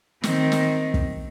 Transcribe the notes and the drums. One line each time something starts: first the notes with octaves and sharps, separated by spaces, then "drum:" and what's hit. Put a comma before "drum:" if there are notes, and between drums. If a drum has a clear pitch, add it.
D#3 C4, drum: snare
drum: snare
drum: kick